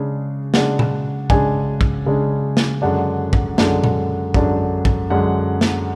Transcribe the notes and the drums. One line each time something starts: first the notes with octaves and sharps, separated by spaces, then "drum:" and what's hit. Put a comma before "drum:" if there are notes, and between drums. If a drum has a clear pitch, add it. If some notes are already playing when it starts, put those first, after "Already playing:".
Already playing: C#3 G#3 D4
C#3 G#3 D4 F#5, drum: snare
drum: tom
C#3 G#3 D4 G#5, drum: kick
drum: kick
C#3 G#3 D4
drum: snare
F#2 D3 G#3 D4 F#5
drum: kick
F#2 D3 G#3 D4, drum: snare
drum: tom
F#2 D3 G#3 D4, drum: kick
drum: kick
F#2 D3 G#3 D4 F#5
drum: snare